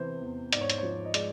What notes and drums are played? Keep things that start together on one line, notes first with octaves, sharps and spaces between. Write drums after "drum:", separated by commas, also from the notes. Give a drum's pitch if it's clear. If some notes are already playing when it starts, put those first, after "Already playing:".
Already playing: E2 C3 E3 C5
E2
G#2 D5, drum: hi-hat
C#5
C5, drum: hi-hat
F3 C#5
D#5
G#3 D5, drum: hi-hat